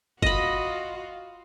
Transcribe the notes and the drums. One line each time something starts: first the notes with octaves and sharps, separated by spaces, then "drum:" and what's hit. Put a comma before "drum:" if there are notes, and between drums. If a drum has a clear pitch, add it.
F4 F#4 D#5 B5, drum: kick F#1